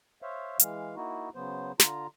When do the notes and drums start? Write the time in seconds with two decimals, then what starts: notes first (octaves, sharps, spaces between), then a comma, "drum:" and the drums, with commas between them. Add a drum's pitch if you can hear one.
0.22 C5 C#5 E5 F5
0.59 E3 G#3 F5, drum: hi-hat
0.96 A#3 D#4 E4 F#4
1.35 C#3 F#3 B3 C5
1.79 D3 F4 A#5, drum: snare